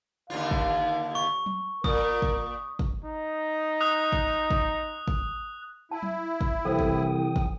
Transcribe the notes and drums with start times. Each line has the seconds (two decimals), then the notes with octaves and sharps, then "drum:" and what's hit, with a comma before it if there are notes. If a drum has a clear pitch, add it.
0.30 D#2 D3 F4 F5
0.51 drum: kick
1.15 C#6
1.46 drum: tom F#3
1.84 A#2 A#4 D#6, drum: kick
2.22 drum: kick
2.79 drum: kick
3.04 D#4
3.81 D#6 F#6
4.12 drum: kick
4.50 drum: kick
5.08 drum: kick
5.91 E4 A5
6.03 drum: tom F#3
6.41 drum: kick
6.65 C2 E3 A4 B4 C5 G5 D#6
6.79 drum: kick
7.36 drum: kick